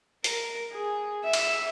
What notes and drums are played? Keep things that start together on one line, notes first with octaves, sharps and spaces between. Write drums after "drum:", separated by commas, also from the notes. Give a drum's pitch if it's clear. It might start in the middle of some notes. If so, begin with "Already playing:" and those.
A#4, drum: hi-hat
G#4
E5
drum: cymbal